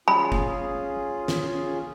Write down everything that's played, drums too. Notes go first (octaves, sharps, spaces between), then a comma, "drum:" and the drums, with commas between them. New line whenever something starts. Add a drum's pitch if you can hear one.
C#4 F4 G#4 B5
drum: kick F#1
drum: snare